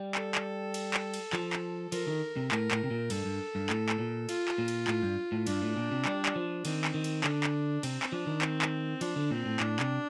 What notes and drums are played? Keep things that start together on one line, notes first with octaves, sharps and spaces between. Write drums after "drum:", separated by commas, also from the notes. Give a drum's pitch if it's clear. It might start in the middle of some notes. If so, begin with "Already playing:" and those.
Already playing: G3
A4, drum: clap
drum: clap
drum: cymbal
drum: clap
drum: cymbal
F3, drum: clap
drum: clap
F3 A#4, drum: cymbal
D#3
C3
A2 A#4, drum: clap
A2, drum: clap
C3
A#2
G2 A4, drum: cymbal
G2
G2
A2, drum: clap
drum: clap
A#2
F4, drum: cymbal
drum: clap
A#2
drum: cymbal
A2, drum: clap
G2
A2
G2 D4, drum: cymbal
A2
A#2
C3
G3, drum: clap
drum: clap
F3
D#3 C4, drum: cymbal
drum: clap
D#3
drum: cymbal
D3 D4, drum: clap
drum: clap
C3 C4, drum: cymbal
drum: clap
F3 D4
D#3
C4, drum: clap
drum: clap
F3 D4, drum: cymbal
D3
A#2 C4
A2
A2 D4, drum: clap
C3, drum: clap